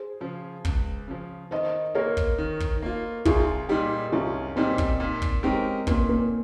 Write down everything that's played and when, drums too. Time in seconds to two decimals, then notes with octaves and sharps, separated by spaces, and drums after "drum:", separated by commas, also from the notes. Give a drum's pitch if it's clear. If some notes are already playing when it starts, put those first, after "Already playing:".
Already playing: G#4 C5
0.20 C#3 F3
0.65 C#2, drum: kick
1.08 C#3 F3
1.51 D#3 C5 D#5
1.95 A#3 F4 A#4 C#5
2.17 drum: kick
2.38 D#3
2.60 drum: kick
2.82 A#3 F4
3.25 C2 F4 G#4, drum: kick
3.69 A#2 G3 D#4 G4
4.12 C2 C#4 F4
4.56 A#2 G3 C4 D#4
4.78 drum: kick
5.00 A#2
5.22 drum: kick
5.43 G#3 C4 C#4 D#4 G4 A#4
5.87 A#2 A#3 C#4, drum: kick
6.08 A#3 C#4